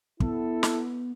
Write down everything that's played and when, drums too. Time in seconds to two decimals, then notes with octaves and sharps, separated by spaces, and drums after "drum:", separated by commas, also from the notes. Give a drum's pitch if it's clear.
0.20 B3 E4 A4, drum: kick
0.63 drum: snare